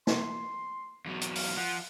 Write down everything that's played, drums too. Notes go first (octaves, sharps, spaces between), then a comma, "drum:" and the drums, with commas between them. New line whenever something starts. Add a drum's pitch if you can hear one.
C6, drum: snare
E2 F#3
drum: hi-hat
F5, drum: open hi-hat
F3 F#5